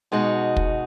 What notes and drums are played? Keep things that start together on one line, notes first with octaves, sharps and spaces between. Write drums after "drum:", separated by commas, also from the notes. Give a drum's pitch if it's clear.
B2 G#3 D#4 F#4
drum: kick